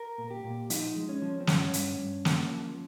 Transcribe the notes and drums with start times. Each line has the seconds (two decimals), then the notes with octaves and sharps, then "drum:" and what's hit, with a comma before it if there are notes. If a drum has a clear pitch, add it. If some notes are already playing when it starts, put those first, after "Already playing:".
Already playing: A#4
0.18 A#2
0.31 G4
0.44 A#2
0.70 F3 D#4, drum: hi-hat
0.96 G#3
1.09 C#4
1.22 F3
1.40 C4
1.47 G2 C#4, drum: snare
1.73 G2, drum: hi-hat
1.98 G2
2.25 A#3, drum: snare
2.51 F3